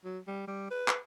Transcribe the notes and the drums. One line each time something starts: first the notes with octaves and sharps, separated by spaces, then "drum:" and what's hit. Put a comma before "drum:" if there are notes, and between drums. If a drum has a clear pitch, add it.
F#3
G3
G3
B4
drum: clap